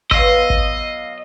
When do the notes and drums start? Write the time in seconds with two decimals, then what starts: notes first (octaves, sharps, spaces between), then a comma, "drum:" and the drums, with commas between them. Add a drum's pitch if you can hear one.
0.11 B2 F#3 D#5 F5 C6 E6, drum: kick
0.50 drum: kick